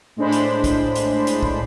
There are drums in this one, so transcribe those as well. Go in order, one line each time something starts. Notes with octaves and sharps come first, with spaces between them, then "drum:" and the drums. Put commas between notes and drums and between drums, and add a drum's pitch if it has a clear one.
A2 G#3 D4 C5 B5
drum: hi-hat
drum: kick, hi-hat
drum: hi-hat
drum: hi-hat
drum: kick